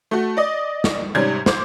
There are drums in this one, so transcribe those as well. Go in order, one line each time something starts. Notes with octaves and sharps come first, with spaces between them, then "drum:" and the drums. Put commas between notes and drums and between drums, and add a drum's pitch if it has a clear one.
A3 F#4
D5 D#5
drum: snare
G#2 C3 G3 C#4 G#6
C5 D6, drum: snare